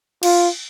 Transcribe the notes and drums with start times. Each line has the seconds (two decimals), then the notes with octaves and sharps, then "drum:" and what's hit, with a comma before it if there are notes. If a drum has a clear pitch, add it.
0.23 F4, drum: cymbal